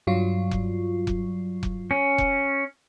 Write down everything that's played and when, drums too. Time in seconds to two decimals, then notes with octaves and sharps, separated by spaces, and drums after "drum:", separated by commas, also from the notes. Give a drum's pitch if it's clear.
0.07 G2 F#3 F4
0.52 drum: kick F1
1.07 drum: kick F1
1.63 drum: kick F1
1.91 C#4
2.18 drum: kick F1